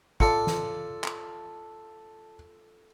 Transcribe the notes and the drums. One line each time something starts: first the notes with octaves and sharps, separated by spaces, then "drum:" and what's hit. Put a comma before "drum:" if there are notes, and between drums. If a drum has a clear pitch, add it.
F4 A4 D5 A5 C#7, drum: kick
drum: snare
drum: clap